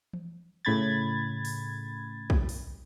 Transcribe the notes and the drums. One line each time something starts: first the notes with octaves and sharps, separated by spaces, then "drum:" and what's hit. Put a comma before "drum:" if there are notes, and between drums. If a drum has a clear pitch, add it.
drum: tom E3
A2 C#3 B5 G#6 A6
drum: open hi-hat
drum: kick B1
drum: open hi-hat